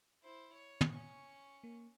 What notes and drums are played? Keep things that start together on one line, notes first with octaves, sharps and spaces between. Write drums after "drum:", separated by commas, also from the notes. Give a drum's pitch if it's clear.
E4 C5
C#5
drum: tom
C#4 C#6
A#3